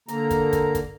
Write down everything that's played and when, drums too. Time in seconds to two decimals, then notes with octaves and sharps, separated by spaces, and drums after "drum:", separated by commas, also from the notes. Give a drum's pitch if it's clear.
0.08 D3 A#3 A#5, drum: hi-hat
0.31 drum: kick, hi-hat
0.53 drum: kick, hi-hat
0.75 drum: kick, hi-hat